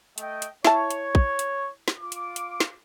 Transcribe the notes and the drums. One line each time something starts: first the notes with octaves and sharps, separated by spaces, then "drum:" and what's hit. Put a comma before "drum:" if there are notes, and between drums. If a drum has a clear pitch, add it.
A3 D#5 G5, drum: hi-hat
drum: hi-hat
E4 C#5 A5, drum: snare
drum: hi-hat
drum: kick
drum: hi-hat
drum: snare
F4 D6
drum: hi-hat
drum: hi-hat
drum: snare